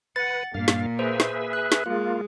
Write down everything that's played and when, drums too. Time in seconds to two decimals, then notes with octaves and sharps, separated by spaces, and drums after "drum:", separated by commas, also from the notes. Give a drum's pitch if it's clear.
0.16 B4 F#5 A6
0.54 G2 A#2 A#3 F5
0.68 drum: snare
0.99 G#4 B4 C5 E5
1.20 drum: snare
1.53 F#6
1.72 drum: snare
1.86 G#3 A#3 F4